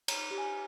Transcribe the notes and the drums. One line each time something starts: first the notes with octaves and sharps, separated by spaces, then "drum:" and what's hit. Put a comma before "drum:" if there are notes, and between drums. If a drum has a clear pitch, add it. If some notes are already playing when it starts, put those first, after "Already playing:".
C#5 A#5, drum: cymbal
G4
G#5